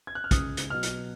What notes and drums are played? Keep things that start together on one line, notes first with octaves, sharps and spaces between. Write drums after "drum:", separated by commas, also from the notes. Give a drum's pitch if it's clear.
G#6
F#6
F6
C#2 D#6, drum: kick, hi-hat
drum: hi-hat
B2 F#3 F6
drum: hi-hat